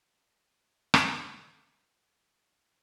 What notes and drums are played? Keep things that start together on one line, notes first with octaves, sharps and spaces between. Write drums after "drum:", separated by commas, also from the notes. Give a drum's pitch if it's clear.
E3 D5 A#5 C#6 G6
drum: rim click
A#3 E4